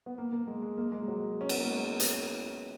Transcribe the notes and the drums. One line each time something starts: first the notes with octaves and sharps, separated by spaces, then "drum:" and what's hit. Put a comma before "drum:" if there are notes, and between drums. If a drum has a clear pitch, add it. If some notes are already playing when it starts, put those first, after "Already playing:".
B3
A#3
A#3
G#3
G#3
A#3
G#3
G#3
F#3
C#4
B3, drum: cymbal
A#3
G#3
drum: hi-hat